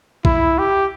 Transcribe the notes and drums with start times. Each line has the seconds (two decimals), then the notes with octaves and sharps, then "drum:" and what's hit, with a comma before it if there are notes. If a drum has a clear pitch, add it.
0.25 E4, drum: kick A#1
0.58 G4